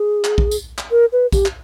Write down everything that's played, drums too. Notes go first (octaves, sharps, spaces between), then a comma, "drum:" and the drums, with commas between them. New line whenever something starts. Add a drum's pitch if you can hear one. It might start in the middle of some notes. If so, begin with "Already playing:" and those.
Already playing: G#4
drum: clap
drum: kick A#1
drum: tambourine
drum: clap
A#4
B4
G4, drum: kick A#1, tambourine
drum: clap